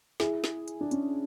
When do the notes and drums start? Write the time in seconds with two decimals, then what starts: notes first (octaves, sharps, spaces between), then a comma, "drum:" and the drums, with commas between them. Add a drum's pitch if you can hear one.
0.20 E4 G#4, drum: snare
0.44 drum: snare
0.68 drum: hi-hat
0.81 D4
0.91 C#4, drum: hi-hat